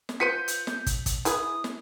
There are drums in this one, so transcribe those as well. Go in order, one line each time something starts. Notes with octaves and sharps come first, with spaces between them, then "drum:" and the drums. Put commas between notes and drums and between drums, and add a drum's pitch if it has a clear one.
drum: snare
F4 B4 C5 G6 B6 C#7 D#7
drum: hi-hat
drum: snare
drum: kick, hi-hat
drum: kick, hi-hat
E4 G#4 B4 D#6, drum: hi-hat
drum: snare